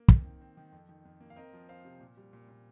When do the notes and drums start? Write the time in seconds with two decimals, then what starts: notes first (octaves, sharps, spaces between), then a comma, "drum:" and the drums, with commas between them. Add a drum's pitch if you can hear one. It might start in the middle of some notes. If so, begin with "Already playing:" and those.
Already playing: A#3
0.08 C4, drum: kick
0.24 D#3
0.41 C4
0.57 D#3
0.72 F2
0.89 D#3
1.05 F2
1.21 A#3
1.30 F5
1.36 C4 A#4 D#5
1.53 F3
1.69 C4 C5 F5
1.85 C3
2.00 A#2
2.17 G3
2.33 A#2
2.48 A#2